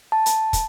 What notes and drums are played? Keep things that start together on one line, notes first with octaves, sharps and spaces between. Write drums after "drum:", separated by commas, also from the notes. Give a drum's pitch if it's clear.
A5
drum: hi-hat
drum: kick, hi-hat